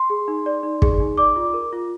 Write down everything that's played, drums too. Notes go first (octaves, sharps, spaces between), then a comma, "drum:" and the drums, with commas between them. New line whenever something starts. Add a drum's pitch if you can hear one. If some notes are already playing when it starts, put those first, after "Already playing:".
Already playing: C6
G#4
D#4
D5
D#4
G#4, drum: kick
D#4
D5 D6
F4
A#4
F4